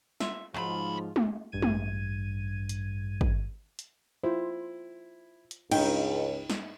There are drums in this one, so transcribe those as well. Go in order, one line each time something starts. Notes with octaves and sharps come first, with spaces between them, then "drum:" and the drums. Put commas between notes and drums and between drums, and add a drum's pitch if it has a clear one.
F4 E5, drum: snare
D2 G#2 C#3 F3 F#3 F4 B5
drum: tom G#3
A1 G2 G#6 D#7
drum: tom G#3
drum: hi-hat
drum: kick
drum: hi-hat
E4 F4 C5
drum: hi-hat
C#2 G2 D#4 G5, drum: cymbal
drum: snare